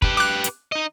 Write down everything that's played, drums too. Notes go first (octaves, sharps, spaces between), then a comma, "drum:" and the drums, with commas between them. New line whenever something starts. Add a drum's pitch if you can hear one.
G4 B4, drum: kick
D6 F#6
drum: hi-hat
D#4 D#5